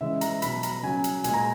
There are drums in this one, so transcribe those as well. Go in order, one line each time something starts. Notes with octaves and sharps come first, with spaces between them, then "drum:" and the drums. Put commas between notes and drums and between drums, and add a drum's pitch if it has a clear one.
C#3 E3 G#3 E5
A#5, drum: hi-hat
B2 F#3 B5, drum: hi-hat
A#5, drum: hi-hat
C#3 F#3 G#5
drum: hi-hat
A#2 G#3 G#5, drum: hi-hat
A#5